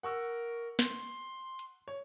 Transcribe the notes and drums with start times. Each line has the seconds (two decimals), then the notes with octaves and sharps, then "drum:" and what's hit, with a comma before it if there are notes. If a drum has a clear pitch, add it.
0.03 A#4 F#5 C#6 E6
0.79 C6, drum: snare
1.59 drum: hi-hat
1.88 C#5